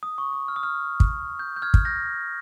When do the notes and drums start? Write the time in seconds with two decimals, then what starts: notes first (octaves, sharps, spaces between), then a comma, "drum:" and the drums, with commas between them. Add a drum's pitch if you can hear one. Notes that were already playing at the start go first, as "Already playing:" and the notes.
0.03 D#6
0.18 C#6
0.33 D#6
0.48 F6
0.56 D#6
0.63 F6
1.00 drum: kick
1.39 G6
1.56 G6
1.62 F6 G#6
1.74 drum: kick
1.85 G6 A#6